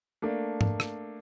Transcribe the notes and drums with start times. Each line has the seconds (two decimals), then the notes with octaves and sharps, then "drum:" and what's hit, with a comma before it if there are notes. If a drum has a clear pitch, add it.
0.22 A3 A#3 D4
0.61 drum: tom
0.80 drum: rim click